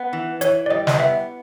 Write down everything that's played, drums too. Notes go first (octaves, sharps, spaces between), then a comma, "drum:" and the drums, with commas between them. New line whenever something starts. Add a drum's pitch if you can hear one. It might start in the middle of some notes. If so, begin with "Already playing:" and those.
Already playing: B3
E3
E3 C#5, drum: hi-hat
D5
G3 D#5
D#5, drum: snare
B3 E5